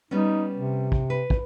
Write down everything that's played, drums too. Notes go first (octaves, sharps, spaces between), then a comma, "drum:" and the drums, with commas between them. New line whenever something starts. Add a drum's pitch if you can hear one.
G3 B3 C#4 D#4
C3
drum: kick
B4
drum: kick